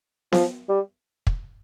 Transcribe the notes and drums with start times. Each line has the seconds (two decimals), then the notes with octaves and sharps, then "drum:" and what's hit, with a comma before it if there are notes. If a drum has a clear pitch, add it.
0.32 F3, drum: snare B3
0.69 G3
1.27 drum: kick